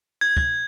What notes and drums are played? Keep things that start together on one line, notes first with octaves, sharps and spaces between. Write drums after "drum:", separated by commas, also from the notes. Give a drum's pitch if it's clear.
G#6
drum: kick